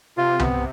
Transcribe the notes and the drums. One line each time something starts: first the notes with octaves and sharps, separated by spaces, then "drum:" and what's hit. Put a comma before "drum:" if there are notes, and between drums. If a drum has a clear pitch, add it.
C3 F4
B3, drum: tom C2